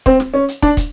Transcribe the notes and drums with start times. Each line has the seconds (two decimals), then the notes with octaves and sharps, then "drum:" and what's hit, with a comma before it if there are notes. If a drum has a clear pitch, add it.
0.06 C4, drum: kick
0.20 drum: snare
0.34 C#4
0.48 drum: hi-hat
0.62 D4, drum: kick
0.77 drum: kick, hi-hat